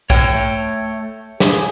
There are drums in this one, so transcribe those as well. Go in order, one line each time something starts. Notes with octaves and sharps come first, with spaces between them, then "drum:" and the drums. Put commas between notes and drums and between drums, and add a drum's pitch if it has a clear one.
C#5 G5, drum: kick B1
A3
G#4, drum: snare